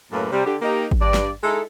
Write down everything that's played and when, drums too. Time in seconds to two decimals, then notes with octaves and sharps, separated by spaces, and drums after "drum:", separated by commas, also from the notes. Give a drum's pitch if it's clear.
0.12 F#2 A2 C#3 A3 A#3 B4
0.31 C3 G3
0.46 D3 G4
0.62 A#3 D#4 G4
0.91 drum: kick G#1
1.00 G2 D5
1.14 drum: snare
1.43 G#3 D#4 E4 A4